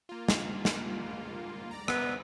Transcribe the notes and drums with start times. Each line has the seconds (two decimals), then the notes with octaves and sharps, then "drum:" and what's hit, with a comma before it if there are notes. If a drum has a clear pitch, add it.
0.09 A#3 F4
0.28 drum: snare
0.65 drum: snare
1.71 D5 A#5
1.88 B3, drum: rim click